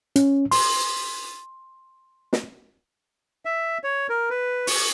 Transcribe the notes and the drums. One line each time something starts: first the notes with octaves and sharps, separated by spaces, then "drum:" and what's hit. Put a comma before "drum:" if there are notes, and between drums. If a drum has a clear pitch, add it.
C#4, drum: hi-hat
C6, drum: open hi-hat
drum: snare
E5
C#5
A#4
B4
C#6, drum: open hi-hat